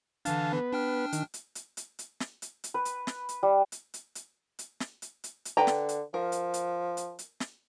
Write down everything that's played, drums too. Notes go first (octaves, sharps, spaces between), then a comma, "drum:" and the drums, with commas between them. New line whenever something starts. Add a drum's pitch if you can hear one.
D3 E3 D4 F5 A5, drum: hi-hat
B3 B4
D4 G5 F6
D#3, drum: hi-hat
drum: hi-hat
drum: hi-hat
drum: hi-hat
drum: hi-hat
drum: snare
drum: hi-hat
drum: hi-hat
B4
drum: hi-hat
drum: snare
drum: hi-hat
G3
drum: hi-hat
drum: hi-hat
drum: hi-hat
drum: hi-hat
drum: snare
drum: hi-hat
drum: hi-hat
drum: hi-hat
D3 B4 G5 A#5
drum: snare
drum: hi-hat
F3 A#4
drum: hi-hat
drum: hi-hat
drum: hi-hat
drum: hi-hat
drum: snare